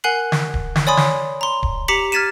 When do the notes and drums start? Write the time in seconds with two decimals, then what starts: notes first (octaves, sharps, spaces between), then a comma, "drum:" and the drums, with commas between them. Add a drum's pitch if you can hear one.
0.04 A#4 F#5 G#5 F#6 C7 F#7
0.32 drum: snare
0.54 drum: kick D1
0.76 drum: snare
0.87 C#5 D5 G#5 B5 C6 D#6
0.97 drum: snare
1.41 A#5 C6
1.63 drum: kick D1
1.88 G4 A#5 D6 B6 C#7 F#7
2.12 F6 G#6 A6 B6 D#7 E7